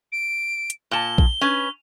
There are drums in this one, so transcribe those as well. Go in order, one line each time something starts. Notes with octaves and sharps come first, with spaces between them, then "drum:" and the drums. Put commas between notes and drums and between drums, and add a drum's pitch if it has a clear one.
D7
drum: hi-hat
A#2 A5 G7
drum: kick A#1
C#4 B4